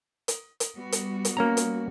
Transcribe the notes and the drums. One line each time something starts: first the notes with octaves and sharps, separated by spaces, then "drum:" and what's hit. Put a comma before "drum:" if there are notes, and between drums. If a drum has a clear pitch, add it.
drum: hi-hat
drum: hi-hat
G3 B3 F#4
drum: hi-hat
drum: hi-hat
A#3 C#4 A#5
drum: hi-hat